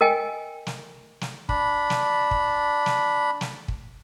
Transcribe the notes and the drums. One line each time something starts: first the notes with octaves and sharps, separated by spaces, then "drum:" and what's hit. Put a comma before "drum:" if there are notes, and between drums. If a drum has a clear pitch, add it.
A#4 D#5 G5 G#5
drum: snare
drum: snare
D4 B5, drum: kick
drum: snare
drum: kick
drum: snare
drum: snare
drum: kick